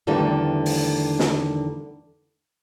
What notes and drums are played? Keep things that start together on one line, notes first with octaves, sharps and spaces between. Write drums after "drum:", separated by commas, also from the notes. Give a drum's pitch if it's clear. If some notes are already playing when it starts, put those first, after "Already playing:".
E2 D3 D#3 G3 A3 B3
drum: open hi-hat
drum: snare